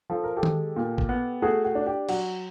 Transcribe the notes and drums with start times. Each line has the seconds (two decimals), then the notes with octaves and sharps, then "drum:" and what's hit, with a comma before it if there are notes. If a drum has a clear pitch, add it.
0.10 F3 A4
0.24 A#4
0.37 G4 A4
0.43 G#3, drum: tom D#3
0.76 A#2
0.98 drum: kick A1
1.09 B3
1.42 A3 F#4 G#4
1.64 F#4
1.75 D4
1.87 G4
2.09 F#3 F#4, drum: cymbal